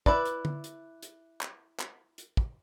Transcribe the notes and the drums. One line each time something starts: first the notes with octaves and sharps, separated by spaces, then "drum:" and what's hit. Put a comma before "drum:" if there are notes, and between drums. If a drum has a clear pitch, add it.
E4 B4 D5, drum: kick
drum: hi-hat
drum: tom
drum: hi-hat
drum: hi-hat
drum: clap
drum: clap
drum: hi-hat
drum: kick